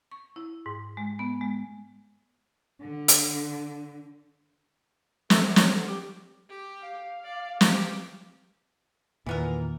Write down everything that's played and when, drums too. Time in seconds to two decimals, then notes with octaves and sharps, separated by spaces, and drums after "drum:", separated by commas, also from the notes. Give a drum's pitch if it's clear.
0.11 C#6
0.36 E4
0.66 G#2
0.97 G#3
1.19 B3
1.41 G#3
2.81 D3
3.08 drum: hi-hat
5.30 A3, drum: snare
5.43 F#2
5.56 C#5, drum: snare
5.73 D3
5.87 G4
6.50 G4
6.81 F5
7.24 D5
7.61 G4, drum: snare
9.26 E2 A#2 D#3 E3 B3 A#4